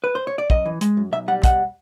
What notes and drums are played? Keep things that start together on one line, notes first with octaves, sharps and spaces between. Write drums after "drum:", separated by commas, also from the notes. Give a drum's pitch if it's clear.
B4
C5
C#5
D5
F#2 D#5, drum: kick
E3
G#3, drum: hi-hat
F#2
B1 E5
G3 F#5
B2 F#5, drum: kick, hi-hat